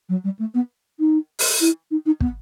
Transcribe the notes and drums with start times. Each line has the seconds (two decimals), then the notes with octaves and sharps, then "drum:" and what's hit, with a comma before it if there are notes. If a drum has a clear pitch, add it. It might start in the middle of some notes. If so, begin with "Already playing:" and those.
0.09 F#3
0.24 G3
0.39 A3
0.54 B3
0.99 D#4
1.39 drum: open hi-hat
1.60 E4
1.90 D#4
2.05 D#4
2.20 B3, drum: kick